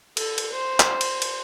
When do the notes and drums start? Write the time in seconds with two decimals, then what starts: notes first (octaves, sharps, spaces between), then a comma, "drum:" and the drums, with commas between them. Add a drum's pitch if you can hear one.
0.17 A4, drum: cymbal
0.38 drum: cymbal
0.53 C5
0.80 drum: clap
1.01 drum: cymbal
1.22 drum: cymbal